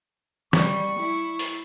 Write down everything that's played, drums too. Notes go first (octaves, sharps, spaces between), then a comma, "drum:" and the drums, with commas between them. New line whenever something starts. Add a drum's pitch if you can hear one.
G3 C#6, drum: snare
E4
drum: open hi-hat